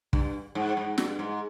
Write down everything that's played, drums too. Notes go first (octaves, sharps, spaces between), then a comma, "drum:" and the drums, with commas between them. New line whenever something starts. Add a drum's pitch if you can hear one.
G2, drum: kick
G#2
G#2
G2, drum: snare
G#2